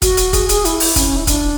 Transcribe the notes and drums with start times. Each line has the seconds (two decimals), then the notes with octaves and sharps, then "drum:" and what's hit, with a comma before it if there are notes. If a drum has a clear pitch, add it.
0.02 F#4, drum: kick, hi-hat
0.17 drum: hi-hat
0.33 G#4, drum: kick, hi-hat
0.49 G#4, drum: hi-hat
0.65 E4, drum: hi-hat
0.80 drum: open hi-hat
0.96 C#4, drum: kick, hi-hat
1.07 C#4
1.16 E4
1.27 D4, drum: kick, hi-hat